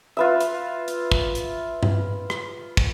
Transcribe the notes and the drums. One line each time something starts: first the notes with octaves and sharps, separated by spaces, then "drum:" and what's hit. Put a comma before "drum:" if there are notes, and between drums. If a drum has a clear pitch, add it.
F4 B4 E5
drum: hi-hat
drum: hi-hat
drum: kick
drum: hi-hat
drum: tom G2
drum: rim click
drum: kick